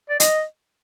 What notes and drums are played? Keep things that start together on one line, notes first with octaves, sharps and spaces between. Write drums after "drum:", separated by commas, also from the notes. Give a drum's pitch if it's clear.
D5
D#5, drum: hi-hat